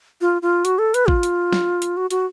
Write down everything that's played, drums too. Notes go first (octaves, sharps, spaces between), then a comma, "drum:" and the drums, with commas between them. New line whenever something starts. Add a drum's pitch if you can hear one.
F4
F4
F#4, drum: hi-hat
A4
B4, drum: hi-hat
F4, drum: kick
drum: hi-hat
drum: snare
drum: hi-hat
F#4
F#4, drum: hi-hat